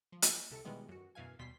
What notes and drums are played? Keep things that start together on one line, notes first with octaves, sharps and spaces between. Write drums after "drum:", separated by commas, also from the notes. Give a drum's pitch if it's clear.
F3
drum: hi-hat
C2 C3 A4 C#7
B2 D#3 E3 G3 G#3 B3
F#2 F#4
F#2 B2 E3 F5 G#5
D#2 B2 G3 C6 B6